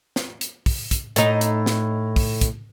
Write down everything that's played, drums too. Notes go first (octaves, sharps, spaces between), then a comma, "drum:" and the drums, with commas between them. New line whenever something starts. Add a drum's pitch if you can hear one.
drum: snare
drum: hi-hat
drum: kick, open hi-hat
drum: kick, hi-hat
A2 D#4, drum: hi-hat
drum: hi-hat
drum: snare
drum: kick, open hi-hat
drum: kick, hi-hat